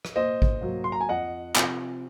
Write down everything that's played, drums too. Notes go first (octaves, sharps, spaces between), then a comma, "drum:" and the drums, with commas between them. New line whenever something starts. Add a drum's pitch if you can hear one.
drum: rim click
A#2 C5 D#5
drum: kick G#1
F#3 A#3
C6
A#5
G#5
F2 D#5 F#5
C3 F3, drum: clap